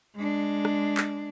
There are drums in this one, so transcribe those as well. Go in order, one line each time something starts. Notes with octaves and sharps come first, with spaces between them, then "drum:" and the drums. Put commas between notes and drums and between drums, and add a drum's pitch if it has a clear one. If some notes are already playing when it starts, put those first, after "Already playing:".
G#3 D4
drum: rim click
drum: clap